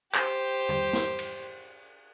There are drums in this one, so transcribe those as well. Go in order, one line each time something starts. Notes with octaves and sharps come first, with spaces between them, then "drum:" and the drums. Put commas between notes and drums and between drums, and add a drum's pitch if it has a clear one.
G4 C5, drum: clap
drum: tom
drum: snare
drum: cymbal